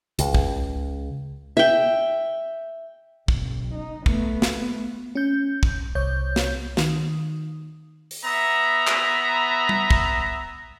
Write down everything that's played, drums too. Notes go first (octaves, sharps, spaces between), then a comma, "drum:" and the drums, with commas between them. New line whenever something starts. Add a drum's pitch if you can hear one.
C#2, drum: hi-hat
drum: kick
E5 G5
F#1 B1, drum: kick
D#4
A3 B3, drum: kick
drum: snare
C#4 G6
drum: kick
C2 C#5 G6
drum: snare
D#3, drum: snare
drum: open hi-hat
B3 E5 A#5
drum: clap
drum: tom G3
drum: kick